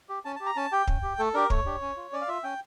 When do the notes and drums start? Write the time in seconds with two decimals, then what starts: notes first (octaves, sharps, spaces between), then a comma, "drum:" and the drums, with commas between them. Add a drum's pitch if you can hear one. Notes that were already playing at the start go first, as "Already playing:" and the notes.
0.09 G4
0.25 C#4 A5
0.36 G4 A5
0.46 A#5
0.56 C#4 A5
0.72 G4 G5
0.87 C#4, drum: kick
1.03 G4
1.19 A3 A4
1.34 D4 G4 A#4
1.50 A3 C#5, drum: kick
1.66 D4 G4
1.82 C#4
1.97 F4
2.13 C#4 D5
2.21 F5
2.28 F4 E5
2.44 C#4 G5